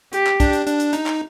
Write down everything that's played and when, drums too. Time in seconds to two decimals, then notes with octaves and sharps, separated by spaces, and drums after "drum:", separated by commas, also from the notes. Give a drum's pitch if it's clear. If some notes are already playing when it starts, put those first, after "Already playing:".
0.13 G4, drum: hi-hat
0.27 drum: clap
0.40 D4, drum: kick, hi-hat
0.53 drum: hi-hat
0.67 D4, drum: hi-hat
0.80 drum: hi-hat
0.93 D#4, drum: hi-hat
1.06 drum: clap